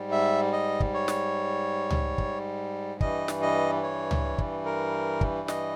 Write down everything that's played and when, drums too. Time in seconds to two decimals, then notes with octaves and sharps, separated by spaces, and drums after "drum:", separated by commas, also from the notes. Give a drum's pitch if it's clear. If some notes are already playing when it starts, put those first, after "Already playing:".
Already playing: G#2 G3
0.12 E5
0.52 D#5
0.80 drum: kick
0.94 C#5
1.08 drum: snare
1.90 drum: tom C#2
2.18 drum: kick
3.01 G2 E3 G3 D#5, drum: kick
3.28 drum: snare
3.42 D#5
3.83 C#5
4.11 drum: tom C#2
4.38 drum: kick
4.66 A#4
5.21 drum: kick
5.48 D#5, drum: snare